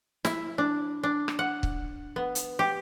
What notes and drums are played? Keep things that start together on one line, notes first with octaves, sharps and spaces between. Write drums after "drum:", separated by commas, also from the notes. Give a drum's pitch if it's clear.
E4, drum: snare
D4
D4
drum: rim click
F#5
drum: kick
B3
drum: hi-hat
G4